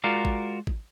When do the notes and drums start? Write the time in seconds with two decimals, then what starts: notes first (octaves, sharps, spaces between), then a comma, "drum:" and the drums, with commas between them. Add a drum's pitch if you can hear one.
0.04 G#3 F4 F#4 A#4 D5 F5
0.25 drum: kick G#1
0.67 drum: kick G#1